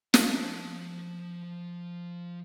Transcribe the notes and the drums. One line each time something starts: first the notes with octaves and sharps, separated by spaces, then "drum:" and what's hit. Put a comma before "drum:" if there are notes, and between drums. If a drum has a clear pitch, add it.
F3 A5, drum: snare